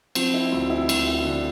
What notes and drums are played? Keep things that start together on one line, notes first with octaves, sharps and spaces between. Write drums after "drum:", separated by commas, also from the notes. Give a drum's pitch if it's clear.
F3 C4, drum: cymbal
E4
D2 F4
E4
D2 F4, drum: cymbal
E4
D3 D4